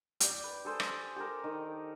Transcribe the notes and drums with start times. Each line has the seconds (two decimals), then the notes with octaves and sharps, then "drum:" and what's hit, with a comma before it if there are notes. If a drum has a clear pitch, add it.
0.20 G4 D5, drum: hi-hat
0.44 B4
0.65 G#4 A4 C5
0.80 drum: rim click
1.16 G4 A4 A#4
1.44 D#3